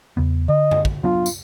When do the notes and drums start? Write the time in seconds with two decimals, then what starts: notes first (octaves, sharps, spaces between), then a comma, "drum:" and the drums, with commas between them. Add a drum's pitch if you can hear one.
0.17 E2 C#3 B3
0.49 D3 D#5
0.71 drum: tom F#2
0.85 drum: kick
1.04 F#3 B3 D4 F4
1.26 drum: tambourine